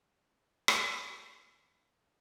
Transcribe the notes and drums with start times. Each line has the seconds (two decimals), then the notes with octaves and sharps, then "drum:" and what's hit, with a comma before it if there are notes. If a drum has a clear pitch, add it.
0.07 E2 G#2 D3 G#3 E4 E5
0.68 drum: rim click